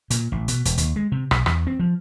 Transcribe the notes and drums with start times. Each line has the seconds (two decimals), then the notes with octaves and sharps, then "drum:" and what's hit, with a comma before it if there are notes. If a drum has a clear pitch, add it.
0.10 A#2, drum: hi-hat
0.32 A1
0.48 B2, drum: hi-hat
0.65 E1, drum: hi-hat
0.78 D#2, drum: hi-hat
0.96 G#3
1.12 C3
1.31 B1, drum: rim click
1.46 E2, drum: rim click
1.67 C4
1.80 F3